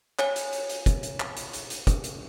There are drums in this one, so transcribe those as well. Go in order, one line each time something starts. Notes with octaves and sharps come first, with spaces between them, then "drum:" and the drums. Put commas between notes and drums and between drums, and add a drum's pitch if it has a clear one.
C#5 G#5, drum: clap
drum: hi-hat
drum: hi-hat
drum: hi-hat
drum: kick, hi-hat
drum: hi-hat
drum: clap
drum: hi-hat
drum: hi-hat
drum: hi-hat
drum: kick, hi-hat
drum: hi-hat